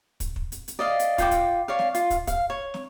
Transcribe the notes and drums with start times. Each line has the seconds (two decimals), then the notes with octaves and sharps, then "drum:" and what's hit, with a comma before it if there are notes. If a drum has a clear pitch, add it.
0.20 drum: kick, hi-hat
0.36 drum: kick
0.52 drum: hi-hat
0.68 drum: hi-hat
0.79 D5 D#5 F5
0.99 drum: hi-hat
1.18 F4 G5 D6, drum: kick, hi-hat
1.31 drum: kick, hi-hat
1.68 C#5 D5 F5
1.79 drum: snare
1.95 F4, drum: hi-hat
2.10 drum: kick, hi-hat
2.27 F5, drum: kick, hi-hat
2.50 C#5
2.74 drum: snare